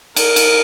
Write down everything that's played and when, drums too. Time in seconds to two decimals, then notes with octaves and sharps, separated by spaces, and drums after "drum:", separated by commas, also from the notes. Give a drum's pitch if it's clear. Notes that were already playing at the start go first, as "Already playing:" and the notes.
0.16 A#4, drum: cymbal
0.36 drum: cymbal